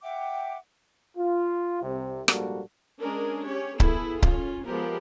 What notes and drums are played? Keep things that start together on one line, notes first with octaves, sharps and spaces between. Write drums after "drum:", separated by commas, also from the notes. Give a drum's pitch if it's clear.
E5 F#5 G5 D6
F4
C2 C3
A#1 G#2 G3 A#3 F#4 A4, drum: rim click
G#3 C#4 D4 G#4 A#4
C#4 G4 C#5
B3 E4 G#4 A4, drum: kick C#1
C#4 F4, drum: kick C#1
F3 G#3 B3 G4 A#4